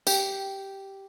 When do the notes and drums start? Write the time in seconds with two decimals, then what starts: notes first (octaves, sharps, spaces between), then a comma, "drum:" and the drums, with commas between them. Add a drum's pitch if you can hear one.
0.07 G4, drum: tambourine